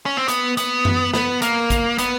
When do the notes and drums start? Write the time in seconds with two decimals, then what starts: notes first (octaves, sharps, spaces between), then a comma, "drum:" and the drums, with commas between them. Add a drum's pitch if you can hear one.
0.06 C#4
0.17 C4
0.28 B3, drum: hi-hat
0.57 B3, drum: hi-hat
0.85 drum: tom F#2
1.14 B3, drum: snare
1.42 A#3, drum: hi-hat
1.70 drum: kick A1, hi-hat
1.98 B3, drum: hi-hat